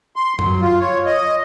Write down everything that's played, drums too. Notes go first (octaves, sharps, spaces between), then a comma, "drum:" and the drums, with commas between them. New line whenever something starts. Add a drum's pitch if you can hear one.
C6
F#3, drum: tom F#2
F4
C#5
D#5